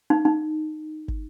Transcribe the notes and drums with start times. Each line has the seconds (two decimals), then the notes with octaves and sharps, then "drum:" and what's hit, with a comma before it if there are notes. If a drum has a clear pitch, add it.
0.10 D#4
0.25 D#4
1.08 drum: kick